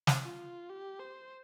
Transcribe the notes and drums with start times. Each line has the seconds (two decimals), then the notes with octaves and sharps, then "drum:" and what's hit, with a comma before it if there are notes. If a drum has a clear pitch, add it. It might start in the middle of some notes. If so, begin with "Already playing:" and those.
0.07 drum: snare
0.24 F4
0.70 G4
0.99 C5